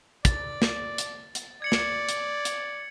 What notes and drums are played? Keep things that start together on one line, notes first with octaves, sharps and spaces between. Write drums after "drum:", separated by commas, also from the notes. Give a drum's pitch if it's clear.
D5 A6, drum: kick, hi-hat
drum: snare
drum: hi-hat
drum: hi-hat
D5 G#6 C#7 F#7
drum: snare
drum: hi-hat
drum: hi-hat